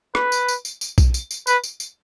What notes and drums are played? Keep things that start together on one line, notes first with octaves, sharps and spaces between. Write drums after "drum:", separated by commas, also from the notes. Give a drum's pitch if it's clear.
B4, drum: rim click
drum: tambourine
drum: tambourine
drum: tambourine
drum: tambourine
drum: kick B1, tambourine
drum: tambourine
drum: tambourine
B4, drum: tambourine
drum: tambourine
drum: tambourine